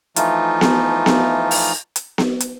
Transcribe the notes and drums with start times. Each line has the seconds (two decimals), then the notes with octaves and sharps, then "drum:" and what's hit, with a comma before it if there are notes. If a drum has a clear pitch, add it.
0.16 E3 F3 A3 D#4 F4, drum: hi-hat
0.61 drum: snare B3
1.06 drum: snare B3
1.51 drum: open hi-hat
1.96 drum: hi-hat
2.18 drum: snare B3
2.40 drum: hi-hat